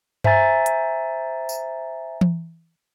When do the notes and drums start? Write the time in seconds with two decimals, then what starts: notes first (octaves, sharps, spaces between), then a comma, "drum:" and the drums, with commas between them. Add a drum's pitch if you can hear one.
0.24 C5 E5 G#5 A#5 A6, drum: tom G2
0.66 drum: hi-hat
1.49 drum: tambourine
2.21 drum: tom E3